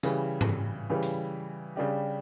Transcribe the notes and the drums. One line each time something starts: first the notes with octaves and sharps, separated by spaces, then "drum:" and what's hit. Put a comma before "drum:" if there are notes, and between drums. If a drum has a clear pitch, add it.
C#3 E3 G3, drum: tambourine
drum: tom G#2
C#3 E3 G3
drum: hi-hat
C#3 G3 D4 G4